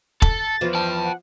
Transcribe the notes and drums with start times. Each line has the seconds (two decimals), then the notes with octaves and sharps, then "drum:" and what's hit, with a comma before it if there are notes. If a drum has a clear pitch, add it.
0.22 A4, drum: kick E1
0.38 A6
0.61 E2 E3 F3
0.75 G5 A5 F6
1.04 F#5